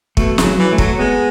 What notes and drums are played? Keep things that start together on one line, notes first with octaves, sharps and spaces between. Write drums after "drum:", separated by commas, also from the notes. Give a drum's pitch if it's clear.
B2 A3, drum: kick
C#3, drum: snare
F#3
E3
A3
F#3, drum: kick
G#3 B3